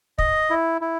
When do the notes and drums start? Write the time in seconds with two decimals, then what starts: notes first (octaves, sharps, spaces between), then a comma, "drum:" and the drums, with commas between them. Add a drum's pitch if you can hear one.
0.19 D#5, drum: kick
0.50 E4
0.81 E4